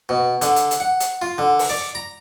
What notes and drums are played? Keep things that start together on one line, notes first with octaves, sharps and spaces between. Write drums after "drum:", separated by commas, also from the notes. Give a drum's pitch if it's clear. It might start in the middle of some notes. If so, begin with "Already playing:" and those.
B2
D3, drum: hi-hat
drum: hi-hat
drum: hi-hat
F#5
drum: hi-hat
F4
D3
drum: open hi-hat
D5
A#5